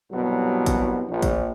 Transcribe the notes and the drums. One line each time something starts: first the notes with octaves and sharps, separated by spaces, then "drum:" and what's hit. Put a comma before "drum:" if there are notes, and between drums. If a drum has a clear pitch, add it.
C2 G2 B2 F#3
drum: kick G#1, hi-hat
A#1
drum: kick G#1, hi-hat